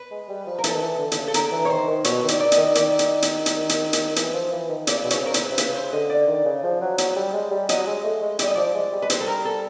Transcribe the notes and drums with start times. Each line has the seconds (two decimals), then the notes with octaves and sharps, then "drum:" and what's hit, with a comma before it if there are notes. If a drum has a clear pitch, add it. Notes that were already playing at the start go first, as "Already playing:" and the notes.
Already playing: B4
0.11 G#3
0.29 G3
0.46 F3
0.58 A#4
0.64 E3 A4, drum: hi-hat
0.75 D#3
0.82 E3
0.99 D3
1.12 D3, drum: hi-hat
1.17 C#3
1.28 A4
1.34 D3 A#4, drum: hi-hat
1.52 E3
1.65 C#5
1.69 D#3 C5
1.88 D#3
2.04 B2 C#5, drum: hi-hat
2.22 D#3
2.28 D5, drum: hi-hat
2.40 D5
2.52 D#5, drum: hi-hat
2.58 D#3
2.75 D#3 D5, drum: hi-hat
2.99 drum: hi-hat
3.22 drum: hi-hat
3.46 drum: hi-hat
3.69 drum: hi-hat
3.93 drum: hi-hat
4.16 E3, drum: hi-hat
4.33 F3
4.52 E3
4.69 D#3
4.87 C#3 D5, drum: hi-hat
5.04 B2
5.10 C#3 C#5, drum: hi-hat
5.22 C3 A#4
5.34 B4, drum: hi-hat
5.40 C#3
5.51 C3
5.58 C#3 B4, drum: hi-hat
5.69 B4
5.75 C5
5.93 D3 D#5
6.10 D5
6.28 D#3
6.45 C#3
6.63 F3
6.81 F#3
6.98 F#3, drum: hi-hat
7.16 G3
7.33 G#3
7.51 G3
7.69 F#3 D#5, drum: hi-hat
7.86 G#3
8.04 A3
8.22 G#3
8.39 G3 D5, drum: hi-hat
8.47 D#5
8.55 F3 D5
8.74 G#3
8.92 G3
9.01 G#3 B4
9.10 G3 C5, drum: hi-hat
9.20 A4
9.27 A#4
9.45 A4